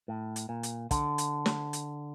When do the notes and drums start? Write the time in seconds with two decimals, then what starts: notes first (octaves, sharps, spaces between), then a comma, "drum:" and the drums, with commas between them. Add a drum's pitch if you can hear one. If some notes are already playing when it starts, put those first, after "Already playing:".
0.08 A2
0.36 drum: hi-hat
0.49 A#2
0.63 drum: hi-hat
0.91 D3, drum: kick, hi-hat
1.18 drum: hi-hat
1.46 drum: snare
1.73 drum: hi-hat